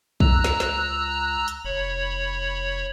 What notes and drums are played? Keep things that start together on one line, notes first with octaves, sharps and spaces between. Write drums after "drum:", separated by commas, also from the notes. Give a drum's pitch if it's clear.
C#2 A#5 E6 F#6, drum: kick
drum: snare
drum: snare
drum: hi-hat
F1 C#5 B5